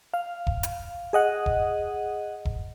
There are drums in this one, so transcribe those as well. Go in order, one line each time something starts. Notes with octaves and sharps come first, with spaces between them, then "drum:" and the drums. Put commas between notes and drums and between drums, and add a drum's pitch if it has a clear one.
F5
drum: kick E1
drum: hi-hat
G#4 D#5 F#5
drum: kick E1
drum: kick E1